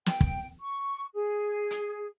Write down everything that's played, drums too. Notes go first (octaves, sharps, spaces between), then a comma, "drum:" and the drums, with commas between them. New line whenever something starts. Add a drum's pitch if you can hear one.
G5, drum: snare
drum: kick
C#6
G#4
drum: hi-hat